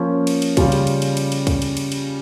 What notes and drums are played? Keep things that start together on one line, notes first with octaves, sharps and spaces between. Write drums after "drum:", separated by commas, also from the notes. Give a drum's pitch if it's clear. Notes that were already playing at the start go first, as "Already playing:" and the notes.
Already playing: F3 A#3 C#4 F4
drum: cymbal
drum: cymbal
C#3 G3 C#4 F4, drum: kick, cymbal
drum: cymbal
drum: cymbal
drum: cymbal
drum: cymbal
drum: cymbal
drum: kick, cymbal
drum: cymbal
drum: cymbal
drum: cymbal